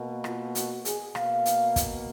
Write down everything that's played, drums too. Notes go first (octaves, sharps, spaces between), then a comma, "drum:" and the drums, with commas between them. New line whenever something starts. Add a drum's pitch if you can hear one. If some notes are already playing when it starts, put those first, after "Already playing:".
Already playing: B2 A#3
F4, drum: rim click
F#4, drum: hi-hat
G#4, drum: hi-hat
B2 A#3 F5, drum: rim click
drum: hi-hat
drum: kick, hi-hat